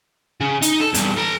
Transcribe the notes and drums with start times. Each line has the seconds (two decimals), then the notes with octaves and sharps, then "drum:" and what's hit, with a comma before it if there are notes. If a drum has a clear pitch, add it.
0.41 C#3
0.62 D#4, drum: hi-hat
0.81 A4
0.94 E2 G2, drum: hi-hat
1.18 A4 A#5